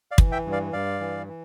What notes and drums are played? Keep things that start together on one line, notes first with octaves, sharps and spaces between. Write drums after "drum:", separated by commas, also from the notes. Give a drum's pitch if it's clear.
D5 F5
E3, drum: kick
E5 G5
G2
D5 F5
G2 D5 F5
E3
E3